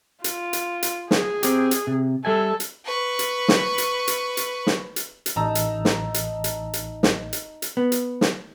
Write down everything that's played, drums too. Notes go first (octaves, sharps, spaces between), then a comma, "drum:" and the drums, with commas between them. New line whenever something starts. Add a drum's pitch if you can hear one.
F4, drum: hi-hat
drum: hi-hat
drum: hi-hat
G#4, drum: snare
C4 G4, drum: hi-hat
drum: hi-hat
C3
G3 A4 E5 G#5
drum: hi-hat
B4 C#6
drum: hi-hat
drum: snare
drum: hi-hat
drum: hi-hat
drum: hi-hat
drum: snare
drum: hi-hat
drum: hi-hat
A1 D#4 D#5 A5 A#5 E6
drum: hi-hat
drum: snare
drum: hi-hat
drum: hi-hat
drum: hi-hat
drum: snare
drum: hi-hat
drum: hi-hat
B3
drum: hi-hat
drum: snare